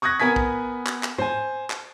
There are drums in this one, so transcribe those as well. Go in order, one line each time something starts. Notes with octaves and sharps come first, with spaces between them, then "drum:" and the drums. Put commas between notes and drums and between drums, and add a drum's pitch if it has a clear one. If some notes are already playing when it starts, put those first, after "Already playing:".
C#6 D#6 F#6 G#6 A#6
B3 A#4 G#5 G#6 B6
drum: kick
drum: clap
drum: clap
C5 G#5, drum: tom
drum: clap